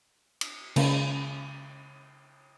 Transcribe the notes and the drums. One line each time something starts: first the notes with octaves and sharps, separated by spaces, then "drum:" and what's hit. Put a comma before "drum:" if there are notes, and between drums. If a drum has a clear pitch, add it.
drum: cymbal
C#3 A#3 B4, drum: cymbal